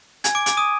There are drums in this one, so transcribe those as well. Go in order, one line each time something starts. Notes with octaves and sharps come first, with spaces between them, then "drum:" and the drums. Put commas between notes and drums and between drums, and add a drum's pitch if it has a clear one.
G#5 G#6, drum: hi-hat
D6 D7
D6 D7, drum: hi-hat
D#6 D#7